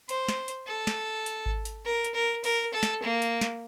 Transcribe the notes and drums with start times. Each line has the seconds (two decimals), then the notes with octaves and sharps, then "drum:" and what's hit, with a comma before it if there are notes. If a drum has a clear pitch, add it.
0.09 C5, drum: hi-hat
0.28 drum: snare
0.48 drum: hi-hat
0.67 A4
0.87 drum: snare
1.26 drum: hi-hat
1.46 drum: kick G#1
1.65 drum: hi-hat
1.85 A#4
2.05 drum: hi-hat
2.14 A#4
2.44 A#4, drum: open hi-hat
2.73 A4
2.83 drum: snare
3.03 A#3
3.22 drum: hi-hat
3.41 drum: snare